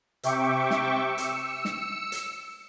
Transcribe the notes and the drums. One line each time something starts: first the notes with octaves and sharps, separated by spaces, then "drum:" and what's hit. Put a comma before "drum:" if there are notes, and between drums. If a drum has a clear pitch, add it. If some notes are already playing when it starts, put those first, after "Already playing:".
C3 E5 G5 C#6 D6, drum: hi-hat
drum: snare
E6 C#7
drum: hi-hat
drum: snare
drum: hi-hat